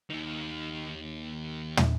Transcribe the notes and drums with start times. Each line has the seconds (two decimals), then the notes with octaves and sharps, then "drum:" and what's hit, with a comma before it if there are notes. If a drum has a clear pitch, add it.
0.10 D#2 D#3
1.77 drum: tom